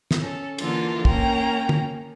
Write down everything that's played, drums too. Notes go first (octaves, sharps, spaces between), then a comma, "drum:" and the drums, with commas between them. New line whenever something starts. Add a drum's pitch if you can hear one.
drum: snare
C#4 A4
D3 E3 A#3 D4 F4 A4, drum: cymbal
A#3 C#4 G5 A#5, drum: kick
drum: tom